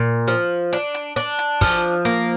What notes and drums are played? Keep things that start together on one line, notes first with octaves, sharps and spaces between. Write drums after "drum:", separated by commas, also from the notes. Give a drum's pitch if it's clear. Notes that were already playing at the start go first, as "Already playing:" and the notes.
Already playing: A#2
F3
D4, drum: hi-hat
drum: hi-hat
D4
drum: hi-hat
F3, drum: kick, open hi-hat
A#3, drum: hi-hat